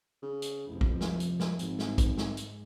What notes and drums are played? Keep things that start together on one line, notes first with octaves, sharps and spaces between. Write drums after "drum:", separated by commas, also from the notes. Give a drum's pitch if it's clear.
C#3
drum: hi-hat
A1 F2 C3 F3
drum: kick
drum: snare
drum: hi-hat
drum: snare
G#1 G#2, drum: hi-hat
drum: snare
drum: kick, hi-hat
drum: snare
drum: hi-hat